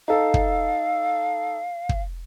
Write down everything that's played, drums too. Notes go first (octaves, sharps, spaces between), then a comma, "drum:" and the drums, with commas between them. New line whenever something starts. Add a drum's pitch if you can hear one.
D#4 A4 F5
drum: kick
drum: kick